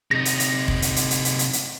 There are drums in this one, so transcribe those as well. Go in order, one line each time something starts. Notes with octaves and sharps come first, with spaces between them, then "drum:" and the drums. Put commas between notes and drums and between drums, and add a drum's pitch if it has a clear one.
C3 D#4 A#6
drum: hi-hat
drum: hi-hat
drum: kick
drum: hi-hat
drum: hi-hat
drum: hi-hat
drum: hi-hat
drum: hi-hat
drum: hi-hat